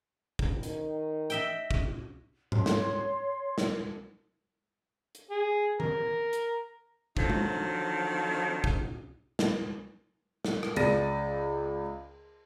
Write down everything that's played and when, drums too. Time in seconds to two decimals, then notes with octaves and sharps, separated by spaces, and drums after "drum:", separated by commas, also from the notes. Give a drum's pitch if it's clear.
0.39 drum: kick
0.63 D#3, drum: hi-hat
1.30 D#5 E5 G5, drum: hi-hat
1.71 drum: kick
2.52 C#5 C6, drum: tom G#2
2.66 drum: snare
3.58 drum: snare
5.15 drum: hi-hat
5.30 G#4
5.80 A#4, drum: tom D#3
6.33 drum: hi-hat
7.17 D3 D#3 F3 F#3 C4 D#4, drum: kick
7.30 drum: tom G#3
8.64 drum: kick
9.39 drum: snare
10.45 drum: snare
10.63 drum: rim click
10.76 C#2 D5 A6 A#6 D#7, drum: cymbal